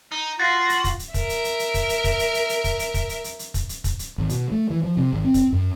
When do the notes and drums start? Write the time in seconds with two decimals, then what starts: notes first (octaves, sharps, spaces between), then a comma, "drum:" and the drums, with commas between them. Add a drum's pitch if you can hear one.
0.12 D#4
0.40 F4 F#4 A6 A#6 C7
0.69 drum: hi-hat
0.84 drum: kick, hi-hat
0.99 drum: hi-hat
1.14 A#4 E5, drum: kick, hi-hat
1.29 drum: hi-hat
1.44 drum: hi-hat
1.59 drum: hi-hat
1.74 drum: kick, hi-hat
1.89 drum: hi-hat
2.04 drum: kick, hi-hat
2.19 drum: hi-hat
2.34 drum: hi-hat
2.49 drum: hi-hat
2.64 drum: kick, hi-hat
2.79 drum: hi-hat
2.94 drum: kick, hi-hat
3.09 drum: hi-hat
3.24 drum: hi-hat
3.39 drum: hi-hat
3.54 drum: kick, hi-hat
3.69 drum: hi-hat
3.84 drum: kick, hi-hat
3.99 drum: hi-hat
4.18 G#1
4.29 B2, drum: hi-hat
4.51 A3
4.70 E3
4.83 F3
4.97 C3
5.13 G#1
5.24 C4
5.34 drum: kick, hi-hat
5.52 F#2